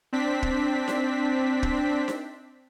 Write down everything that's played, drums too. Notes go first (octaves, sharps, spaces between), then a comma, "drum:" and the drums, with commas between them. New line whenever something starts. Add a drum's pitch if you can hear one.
C4 D4 B6
drum: kick
drum: snare D#4
drum: kick
drum: snare D#4